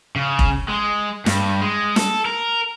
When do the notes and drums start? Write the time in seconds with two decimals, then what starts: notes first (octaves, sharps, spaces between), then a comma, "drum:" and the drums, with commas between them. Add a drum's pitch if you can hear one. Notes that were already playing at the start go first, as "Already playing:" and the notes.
0.16 C#3
0.39 drum: kick F1
0.69 G#3
1.26 G2, drum: snare
1.62 G#3
1.96 A4, drum: snare
2.26 A#4